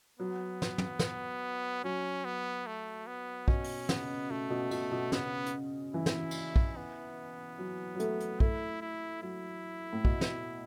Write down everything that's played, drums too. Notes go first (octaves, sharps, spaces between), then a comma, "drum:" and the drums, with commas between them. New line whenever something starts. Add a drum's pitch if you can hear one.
F#3 B3
drum: snare
drum: tom
drum: snare
F#3 C#4
B3
A3
B3
B2 C#4, drum: kick
drum: open hi-hat
C#3 B3, drum: snare
B2 A3
B2
B2, drum: cymbal
B2
C#3 B3, drum: snare
drum: hi-hat
E3 E4
drum: snare
drum: cymbal
drum: kick
B3
F#3
F#3
A3, drum: hi-hat
drum: hi-hat
A3 E4, drum: kick
E4
F#3 E4
A2
B2, drum: kick
drum: snare